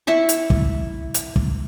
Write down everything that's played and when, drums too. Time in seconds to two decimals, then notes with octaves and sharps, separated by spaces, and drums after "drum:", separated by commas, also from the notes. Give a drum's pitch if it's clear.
0.07 E4 E5 C#6
0.29 drum: hi-hat
0.50 drum: kick
1.14 drum: hi-hat
1.36 drum: kick